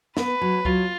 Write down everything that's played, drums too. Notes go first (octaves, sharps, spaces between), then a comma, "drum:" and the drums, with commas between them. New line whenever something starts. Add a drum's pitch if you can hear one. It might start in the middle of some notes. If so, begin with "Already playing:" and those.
B3 B4, drum: snare
F#3
F#3 F4, drum: kick C#2